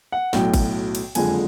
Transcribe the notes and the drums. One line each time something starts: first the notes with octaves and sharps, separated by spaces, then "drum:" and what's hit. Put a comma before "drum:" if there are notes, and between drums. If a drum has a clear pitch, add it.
F#5
B1 A2 F#3 G5, drum: snare
drum: kick G#1, cymbal
drum: cymbal
F#1 F2 D3 F3 G#3 G#5, drum: cymbal